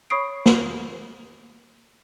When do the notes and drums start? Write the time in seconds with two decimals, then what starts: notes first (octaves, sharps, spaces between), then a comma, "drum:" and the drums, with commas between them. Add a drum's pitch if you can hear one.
0.10 C#5 B5 C#6 D#6 C7 D7
0.46 drum: snare